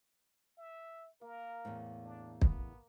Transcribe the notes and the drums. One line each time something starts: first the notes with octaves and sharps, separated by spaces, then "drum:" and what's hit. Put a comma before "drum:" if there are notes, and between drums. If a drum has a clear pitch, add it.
E5
A#3 A#4
E2 A2
D4
B3, drum: kick